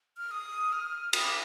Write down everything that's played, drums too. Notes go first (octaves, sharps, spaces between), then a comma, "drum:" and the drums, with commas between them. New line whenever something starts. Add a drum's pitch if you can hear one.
F6
D#6
F6
D#6, drum: cymbal
D6